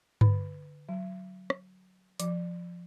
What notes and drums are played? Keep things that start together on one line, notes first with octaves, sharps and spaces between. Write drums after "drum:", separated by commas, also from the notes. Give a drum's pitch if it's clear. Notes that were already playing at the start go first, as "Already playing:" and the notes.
D3, drum: tom G2
F#3
drum: rim click
F3, drum: hi-hat